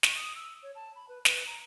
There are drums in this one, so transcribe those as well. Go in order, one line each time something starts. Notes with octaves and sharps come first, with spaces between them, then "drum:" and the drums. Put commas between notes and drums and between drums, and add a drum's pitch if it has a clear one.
C#6, drum: snare
D#6
E6
C#5
A5
B5
B4
B4, drum: snare
A#5